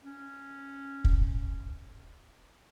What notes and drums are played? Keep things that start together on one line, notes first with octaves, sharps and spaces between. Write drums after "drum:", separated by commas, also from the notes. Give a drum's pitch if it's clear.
C#4
drum: kick